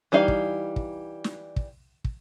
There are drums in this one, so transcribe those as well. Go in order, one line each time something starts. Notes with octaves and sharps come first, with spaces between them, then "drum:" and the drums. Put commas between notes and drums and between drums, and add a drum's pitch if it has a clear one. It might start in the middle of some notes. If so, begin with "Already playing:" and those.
E3 G3 D#4 F5
drum: kick
drum: kick
drum: snare
drum: kick
drum: kick